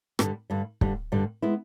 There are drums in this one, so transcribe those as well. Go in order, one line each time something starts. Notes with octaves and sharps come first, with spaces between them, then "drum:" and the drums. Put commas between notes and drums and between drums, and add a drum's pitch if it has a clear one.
G2 D3 G3, drum: rim click
G2 D3 G3
G2 D3 G3, drum: kick
G2 D3 G3
G#3 B3 E4